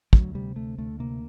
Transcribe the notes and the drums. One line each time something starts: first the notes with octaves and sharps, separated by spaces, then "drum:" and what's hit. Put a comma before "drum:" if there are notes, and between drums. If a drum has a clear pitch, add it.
D2 F#3, drum: kick
C3 G3
D2 A3
D2 A3
C3 A#3